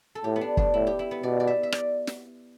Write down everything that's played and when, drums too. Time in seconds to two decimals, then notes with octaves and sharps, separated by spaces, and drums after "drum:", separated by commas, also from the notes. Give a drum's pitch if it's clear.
0.15 A4
0.24 A2 G4
0.36 B3
0.41 D4
0.57 D4, drum: kick
0.74 A2 E4
0.87 G4
0.99 E4
1.11 B3
1.23 B2 D5
1.40 D5
1.47 E5
1.63 E5
1.72 D5, drum: rim click
2.07 drum: snare